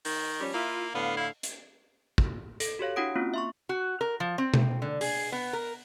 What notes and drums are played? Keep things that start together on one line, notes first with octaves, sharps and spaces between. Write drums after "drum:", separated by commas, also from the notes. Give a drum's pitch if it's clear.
D#3, drum: open hi-hat
F3 G3 C#4
A#3 E4 F4
A2 D3 B3 F5
E4
drum: hi-hat
drum: kick
A4, drum: hi-hat
F#4 G4 C#5 F5
D4 E4 F#4 F#5 D#6 D7
A#3 C4 C#4 F4
E5 C6 C#6
F#4
A#4
F3
C4
drum: tom B2
D3
G#4, drum: open hi-hat
B3
A#4